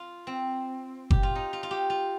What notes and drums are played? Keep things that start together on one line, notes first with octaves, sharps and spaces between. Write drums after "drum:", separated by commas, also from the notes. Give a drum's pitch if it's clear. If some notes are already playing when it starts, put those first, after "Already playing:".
Already playing: F4
C4
G4, drum: kick F#1
F4
D#4
F4
F4
G4
F4